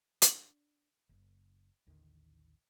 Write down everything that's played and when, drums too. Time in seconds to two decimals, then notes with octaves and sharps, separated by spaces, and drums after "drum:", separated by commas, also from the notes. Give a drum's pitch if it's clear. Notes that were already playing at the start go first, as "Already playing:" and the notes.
0.22 D4, drum: hi-hat
1.09 F#1
1.87 A1 D#2 D3 D#3